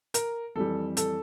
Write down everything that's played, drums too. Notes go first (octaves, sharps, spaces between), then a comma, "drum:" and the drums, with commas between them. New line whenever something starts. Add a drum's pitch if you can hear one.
A#4, drum: hi-hat
F2 E3 G3 A4
A4, drum: hi-hat